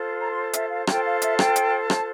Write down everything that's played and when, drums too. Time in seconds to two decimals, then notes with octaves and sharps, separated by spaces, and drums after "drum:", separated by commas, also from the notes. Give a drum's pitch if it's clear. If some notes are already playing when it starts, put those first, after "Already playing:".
Already playing: F4 A4 C5
0.21 A#5
0.32 C6
0.53 E5, drum: hi-hat
0.70 F5
0.87 F4 A4 C5 G5, drum: rim click
1.05 F5
1.22 E5, drum: hi-hat
1.39 G5, drum: rim click
1.56 drum: hi-hat
1.90 A5, drum: rim click